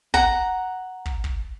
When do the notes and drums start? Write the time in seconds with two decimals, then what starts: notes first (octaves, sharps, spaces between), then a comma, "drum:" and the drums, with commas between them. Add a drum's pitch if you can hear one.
0.14 F#5 A#5, drum: kick
1.06 drum: kick
1.24 drum: kick